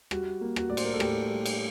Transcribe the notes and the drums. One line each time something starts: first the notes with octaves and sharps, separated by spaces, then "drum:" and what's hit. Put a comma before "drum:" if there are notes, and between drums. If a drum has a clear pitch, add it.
G3 F#4, drum: rim click
A#3
F#4, drum: rim click
A2 D5
C5, drum: cymbal
A#4
A4
A2 G4, drum: rim click
G3
drum: cymbal